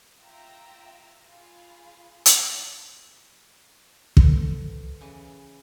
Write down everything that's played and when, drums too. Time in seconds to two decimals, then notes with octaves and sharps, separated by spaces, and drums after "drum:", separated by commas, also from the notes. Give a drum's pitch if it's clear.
0.21 F4 E5 G5 A#5 E6
1.28 F4 G#4 F5 B5
2.26 drum: hi-hat
4.17 F3 A3 B3, drum: kick
5.01 C#3 E3